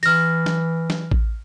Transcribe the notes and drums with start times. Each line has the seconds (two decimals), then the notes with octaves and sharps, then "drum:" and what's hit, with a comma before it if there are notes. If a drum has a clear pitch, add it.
0.03 E3 F6 A#6, drum: open hi-hat
0.46 drum: snare
0.90 drum: snare
1.11 drum: kick A1